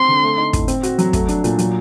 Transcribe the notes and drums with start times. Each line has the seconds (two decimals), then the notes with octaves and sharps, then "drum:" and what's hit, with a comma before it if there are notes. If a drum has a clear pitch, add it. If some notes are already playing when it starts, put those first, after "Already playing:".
Already playing: C4 C6
0.08 D3
0.23 A3
0.38 D#4
0.53 A2, drum: kick, hi-hat
0.68 C4, drum: hi-hat
0.83 F#4, drum: hi-hat
0.99 F#3, drum: hi-hat
1.13 A3, drum: kick, hi-hat
1.28 D4, drum: hi-hat
1.44 A#2, drum: hi-hat
1.58 F#3, drum: hi-hat